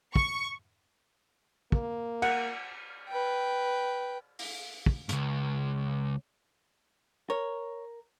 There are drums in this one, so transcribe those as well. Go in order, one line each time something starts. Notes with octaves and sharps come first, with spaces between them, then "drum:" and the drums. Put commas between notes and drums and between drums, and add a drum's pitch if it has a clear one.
C#6, drum: kick
A#3, drum: kick
F#5, drum: cymbal
B4 G5
drum: open hi-hat
drum: kick
C#2 G2, drum: hi-hat
A#4 C#5